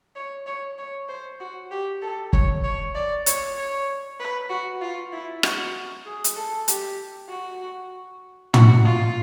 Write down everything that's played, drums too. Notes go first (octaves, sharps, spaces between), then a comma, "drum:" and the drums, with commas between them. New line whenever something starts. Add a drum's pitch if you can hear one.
C#5
C#5
C#5
C5
F#4
G4
A4
C#5, drum: kick
C#5
D5
C#5, drum: hi-hat
C#5
B4
F#4
F4
E4
F#4, drum: rim click
G#4
drum: hi-hat
A4
G4, drum: hi-hat
F#4
F#4, drum: tom
F4